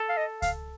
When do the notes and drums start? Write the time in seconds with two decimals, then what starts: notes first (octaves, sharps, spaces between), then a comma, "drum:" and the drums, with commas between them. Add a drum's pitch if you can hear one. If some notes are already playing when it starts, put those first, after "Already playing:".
Already playing: A4
0.09 F5
0.17 D#5
0.42 F5, drum: kick C#2, hi-hat